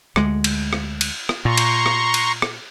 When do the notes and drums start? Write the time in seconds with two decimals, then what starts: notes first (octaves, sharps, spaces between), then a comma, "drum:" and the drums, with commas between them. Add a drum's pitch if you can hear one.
0.16 D2 G#3, drum: rim click
0.44 drum: cymbal
0.73 drum: rim click
1.01 drum: cymbal
1.29 drum: rim click
1.45 A#2 A#5 C6 C#6
1.57 drum: cymbal
1.86 drum: rim click
2.14 drum: cymbal
2.42 drum: rim click